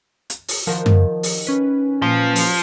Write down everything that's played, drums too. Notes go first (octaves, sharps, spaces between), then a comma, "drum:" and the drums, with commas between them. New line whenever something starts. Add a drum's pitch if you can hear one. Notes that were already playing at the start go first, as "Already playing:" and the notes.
drum: hi-hat
drum: open hi-hat
D#3 F3 F#4 A#4
drum: tom F#2
drum: open hi-hat
C#4 B4
A#2 E3 F3
drum: open hi-hat